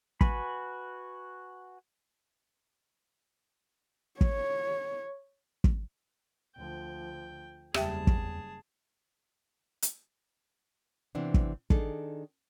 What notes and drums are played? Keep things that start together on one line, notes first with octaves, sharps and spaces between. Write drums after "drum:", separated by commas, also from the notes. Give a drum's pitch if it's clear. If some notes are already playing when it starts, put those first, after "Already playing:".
F#4 B4 G#5 B5, drum: kick
C#5, drum: kick
drum: kick
D2 F3 G5
F#1 E2 G3 G4 G#4 E5 G5 A5, drum: rim click
drum: kick
drum: hi-hat
C3 E3 B3 C4 D4
drum: kick
D#3 D4 D#4 G#4 A4, drum: kick